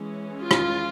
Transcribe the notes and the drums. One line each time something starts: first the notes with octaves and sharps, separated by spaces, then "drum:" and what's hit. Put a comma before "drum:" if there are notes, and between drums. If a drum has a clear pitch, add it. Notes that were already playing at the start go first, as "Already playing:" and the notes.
Already playing: E3 G#3 C#4
F4
drum: rim click